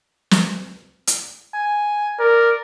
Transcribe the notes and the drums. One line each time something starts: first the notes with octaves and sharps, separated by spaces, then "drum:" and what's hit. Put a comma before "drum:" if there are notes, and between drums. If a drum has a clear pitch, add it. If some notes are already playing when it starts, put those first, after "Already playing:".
drum: snare
drum: hi-hat
G#5
A#4 D5